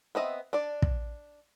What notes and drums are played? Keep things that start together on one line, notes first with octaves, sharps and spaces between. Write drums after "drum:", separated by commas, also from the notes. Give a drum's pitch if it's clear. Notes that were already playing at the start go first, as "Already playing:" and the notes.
B3 C4 D#5 E5
D4 D5
drum: kick